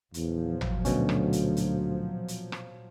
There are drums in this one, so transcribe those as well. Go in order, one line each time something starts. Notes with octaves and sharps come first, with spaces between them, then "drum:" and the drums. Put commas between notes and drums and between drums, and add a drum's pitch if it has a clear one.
E2 A#2 F3 F#3, drum: hi-hat
drum: tom G#1
D2 B2 C#4, drum: hi-hat
drum: rim click
drum: hi-hat
drum: hi-hat
drum: hi-hat
drum: rim click